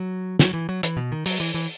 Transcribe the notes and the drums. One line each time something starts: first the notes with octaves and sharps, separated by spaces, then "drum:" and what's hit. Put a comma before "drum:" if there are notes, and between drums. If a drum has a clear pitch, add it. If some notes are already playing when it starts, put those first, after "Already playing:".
Already playing: F#3
F#3, drum: snare
E3
F#3
E3, drum: hi-hat
B2
D#3
F#3, drum: open hi-hat
E3
E3